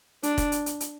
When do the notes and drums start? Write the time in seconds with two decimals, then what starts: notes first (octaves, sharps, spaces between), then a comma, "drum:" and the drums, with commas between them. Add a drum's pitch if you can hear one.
0.23 D4, drum: hi-hat
0.38 drum: kick, hi-hat
0.52 drum: hi-hat
0.66 drum: hi-hat
0.80 drum: hi-hat